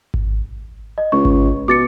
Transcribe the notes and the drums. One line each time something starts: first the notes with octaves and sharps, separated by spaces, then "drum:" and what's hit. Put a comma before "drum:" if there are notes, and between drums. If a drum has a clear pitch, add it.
drum: kick G#1
D#5
C#2 C#6
drum: kick G#1
B2 D6 A6 C#7